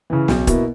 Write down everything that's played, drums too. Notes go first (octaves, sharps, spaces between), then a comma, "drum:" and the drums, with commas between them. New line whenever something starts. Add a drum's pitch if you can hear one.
C#3 E3
B1, drum: snare
B2 A#3 E4, drum: kick, hi-hat